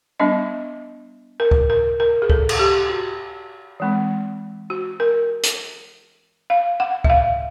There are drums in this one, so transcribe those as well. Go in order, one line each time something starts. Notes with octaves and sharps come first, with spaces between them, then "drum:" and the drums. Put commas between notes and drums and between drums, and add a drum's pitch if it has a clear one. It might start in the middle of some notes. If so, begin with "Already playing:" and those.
G3 B3 D4 D#5
A#4
drum: kick C#2
A#4
A#4
G#4
A4, drum: kick C#2
drum: cymbal
G4
F#4
E3 G#3 C4
F#4
A#4
drum: hi-hat
F5
F#5
E5, drum: kick C#2
F5